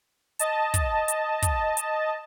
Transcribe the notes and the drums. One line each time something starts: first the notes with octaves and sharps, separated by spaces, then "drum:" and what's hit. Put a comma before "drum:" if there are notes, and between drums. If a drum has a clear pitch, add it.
D#5 A5, drum: hi-hat
drum: kick, hi-hat
drum: hi-hat
drum: kick, hi-hat
drum: hi-hat